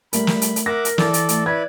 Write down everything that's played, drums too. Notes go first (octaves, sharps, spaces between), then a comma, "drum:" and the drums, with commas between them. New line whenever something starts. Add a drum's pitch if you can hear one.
G3 A3 A#4 B5, drum: hi-hat
drum: snare
drum: hi-hat
drum: hi-hat
A#4 E5 F#5 D6 A#6
drum: hi-hat
E3 A4 D5, drum: snare
drum: hi-hat
A3, drum: hi-hat
E4 B4 D5 G#6